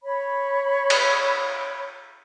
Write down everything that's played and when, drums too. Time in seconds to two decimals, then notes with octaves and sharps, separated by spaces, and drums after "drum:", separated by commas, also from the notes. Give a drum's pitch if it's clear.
0.03 C#5 B5
0.90 drum: cymbal